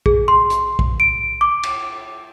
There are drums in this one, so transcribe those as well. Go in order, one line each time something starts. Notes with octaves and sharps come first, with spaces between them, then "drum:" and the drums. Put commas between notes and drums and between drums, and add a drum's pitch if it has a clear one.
G#4, drum: kick
C6
drum: hi-hat
drum: kick
D7
D6
drum: cymbal